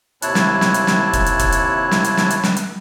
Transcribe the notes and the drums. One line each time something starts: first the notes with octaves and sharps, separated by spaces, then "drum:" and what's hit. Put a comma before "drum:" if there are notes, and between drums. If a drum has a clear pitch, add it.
D#2 C3 E4 C#5 A5 F#6, drum: hi-hat
drum: snare
drum: snare
drum: hi-hat
drum: snare
drum: kick, hi-hat
drum: hi-hat
drum: kick, hi-hat
drum: hi-hat
drum: snare
drum: hi-hat
drum: snare
drum: hi-hat
drum: snare
drum: hi-hat